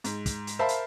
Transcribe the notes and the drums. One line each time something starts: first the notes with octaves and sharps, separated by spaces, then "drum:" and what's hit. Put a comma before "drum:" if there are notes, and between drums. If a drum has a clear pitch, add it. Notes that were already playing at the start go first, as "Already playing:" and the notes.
G#2, drum: hi-hat
drum: kick, hi-hat
drum: hi-hat
A#4 C5 E5 F5 A5 B5
drum: hi-hat